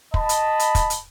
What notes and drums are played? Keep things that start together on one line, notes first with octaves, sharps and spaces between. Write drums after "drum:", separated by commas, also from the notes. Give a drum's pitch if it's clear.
D#5 A5 B5, drum: kick
drum: hi-hat
drum: hi-hat
drum: kick, hi-hat
drum: hi-hat